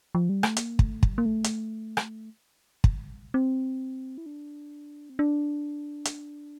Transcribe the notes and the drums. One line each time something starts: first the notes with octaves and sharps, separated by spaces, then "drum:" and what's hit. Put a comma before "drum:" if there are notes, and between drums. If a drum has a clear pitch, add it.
F3
G3
A3, drum: rim click
A#3, drum: hi-hat
A3, drum: kick
G3, drum: kick
A#3
A3
drum: hi-hat
drum: rim click
drum: kick
C4
E4
D4
C4
D4
drum: hi-hat